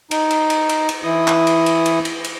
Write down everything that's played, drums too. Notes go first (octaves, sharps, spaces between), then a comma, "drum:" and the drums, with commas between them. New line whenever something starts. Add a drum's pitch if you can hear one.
D#4, drum: cymbal
drum: cymbal
drum: cymbal
drum: cymbal
drum: cymbal
E3 E4 D#6
drum: clap
drum: cymbal
drum: cymbal
drum: cymbal
drum: cymbal
drum: cymbal